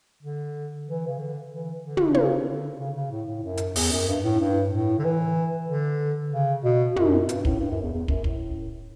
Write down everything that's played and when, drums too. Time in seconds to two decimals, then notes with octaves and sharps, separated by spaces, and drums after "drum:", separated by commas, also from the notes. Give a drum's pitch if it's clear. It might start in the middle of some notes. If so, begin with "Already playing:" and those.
0.23 D3
0.87 E3
1.07 C#3
1.18 D3
1.51 E3
1.83 D3
1.97 drum: tom
2.10 D3
2.14 C#3, drum: tom
2.48 D3
2.79 C#3
2.96 C#3
3.11 A2
3.28 A2
3.43 F#2
3.57 drum: hi-hat
3.76 E2, drum: open hi-hat
3.91 F#2
4.07 G2
4.24 A2
4.40 G2
4.72 A2
4.99 D3
5.04 E3
5.68 D3
6.32 C#3
6.64 B2
6.96 F#2, drum: tom
7.29 G2, drum: hi-hat
7.45 A2, drum: kick
7.60 G2
7.71 F#2
7.82 E2
7.92 E2
8.08 F#2, drum: kick
8.24 A2, drum: kick